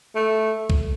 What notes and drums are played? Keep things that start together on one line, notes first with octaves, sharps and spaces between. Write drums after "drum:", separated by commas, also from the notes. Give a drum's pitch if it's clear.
A3
drum: kick C2